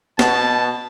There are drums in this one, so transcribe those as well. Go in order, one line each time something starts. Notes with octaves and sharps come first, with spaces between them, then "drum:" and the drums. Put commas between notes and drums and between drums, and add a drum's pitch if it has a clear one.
B2 A5, drum: snare